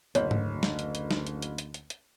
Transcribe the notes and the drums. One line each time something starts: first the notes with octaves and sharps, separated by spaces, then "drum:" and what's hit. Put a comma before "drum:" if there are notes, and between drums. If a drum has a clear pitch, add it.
F#1 D2 C#5, drum: hi-hat
drum: tom G#2
drum: snare
drum: hi-hat
drum: hi-hat
drum: snare
drum: hi-hat
drum: hi-hat
drum: hi-hat
drum: hi-hat
drum: hi-hat